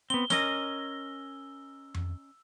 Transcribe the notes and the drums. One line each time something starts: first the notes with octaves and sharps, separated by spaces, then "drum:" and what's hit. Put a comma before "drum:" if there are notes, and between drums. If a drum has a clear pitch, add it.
B3 C4 G7
C#4 A#4 D#5 E6 G7, drum: snare
drum: tom F2